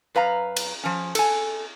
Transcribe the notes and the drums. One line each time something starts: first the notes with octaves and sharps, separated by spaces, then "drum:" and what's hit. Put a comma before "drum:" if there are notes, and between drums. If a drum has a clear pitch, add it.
F#2 B4 F5 A#5
drum: cymbal
F3 C#4
A4 G#5, drum: cymbal